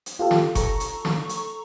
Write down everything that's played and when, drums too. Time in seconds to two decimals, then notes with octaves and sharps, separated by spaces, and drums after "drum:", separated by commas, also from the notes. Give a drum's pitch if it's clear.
0.06 drum: hi-hat
0.19 F4 G4 A4
0.31 drum: snare
0.55 A4 A#5 C#6, drum: kick F#1, hi-hat
0.80 drum: hi-hat
1.05 drum: snare
1.29 drum: hi-hat